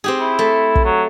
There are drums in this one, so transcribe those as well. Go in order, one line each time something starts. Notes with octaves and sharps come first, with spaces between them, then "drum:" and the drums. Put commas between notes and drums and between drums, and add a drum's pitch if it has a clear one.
C4 G4 G#4
E4
A3
drum: kick
F#3